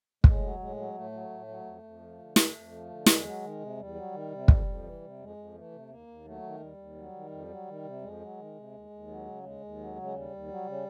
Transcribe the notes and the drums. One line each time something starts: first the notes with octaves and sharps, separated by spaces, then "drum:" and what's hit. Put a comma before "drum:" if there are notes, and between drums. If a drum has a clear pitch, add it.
A2 G#3, drum: kick
F#3
A2 G#3
F#3
A2 A3
F#3
A2
F#3
F2
F2
F3
D3
F2, drum: snare
F2
F3
D3
E2 G#3, drum: snare
F#3
D#3
C3
E2 G3
F#3
D#3
C3
F2, drum: kick
F2
E3
C3
F2 G#3
F2
E3 A3
C3
D#2 A#3
D#2
F#3 A3
D#3
D#2 G3
D#2
F#3
D#3
F2
F#3
D#3
C3
F2 G#3
F#3
D#3
C3
D#2
D#2
F#3
C#3
D#2 G#3
D#2
F#3
C#3
G#3
D#2 G3
D#2
F#3
C#3